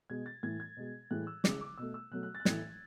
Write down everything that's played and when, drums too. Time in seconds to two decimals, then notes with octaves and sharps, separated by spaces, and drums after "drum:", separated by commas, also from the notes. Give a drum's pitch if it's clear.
0.10 B2 G#3 G#6
0.26 A6
0.43 A2 E3 A3 G#6
0.60 G#6
0.77 B2 G#3
1.11 A2 E3 G#3 F#6
1.27 E6
1.44 C#3 G#3 D6, drum: snare
1.61 D6
1.78 B2 A3 E6
1.94 E6
2.11 B2 F#3 A3 F#6
2.23 F#6
2.35 A6
2.40 F#6
2.45 A2 E3 A3 G#6, drum: snare